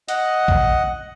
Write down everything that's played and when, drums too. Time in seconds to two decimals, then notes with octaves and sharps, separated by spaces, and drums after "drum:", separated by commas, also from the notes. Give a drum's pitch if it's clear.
0.08 D#5 F#5, drum: hi-hat
0.48 drum: kick A#1